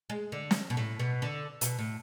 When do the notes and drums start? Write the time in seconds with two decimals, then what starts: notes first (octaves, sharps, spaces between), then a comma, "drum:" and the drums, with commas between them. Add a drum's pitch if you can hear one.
0.10 G#3
0.32 D3
0.51 drum: snare
0.70 B2
0.77 A2
0.99 B2
1.22 D3
1.61 B2, drum: hi-hat
1.78 A2